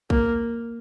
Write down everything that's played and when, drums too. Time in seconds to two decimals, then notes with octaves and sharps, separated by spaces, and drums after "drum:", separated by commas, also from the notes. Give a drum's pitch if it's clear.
0.10 A#3, drum: kick A#1